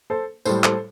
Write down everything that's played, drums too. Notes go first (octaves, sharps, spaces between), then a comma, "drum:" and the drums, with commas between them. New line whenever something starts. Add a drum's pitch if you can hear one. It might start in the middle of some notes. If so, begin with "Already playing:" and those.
A4 C5
A2 G3 A4 C5, drum: tambourine
A4 C5, drum: clap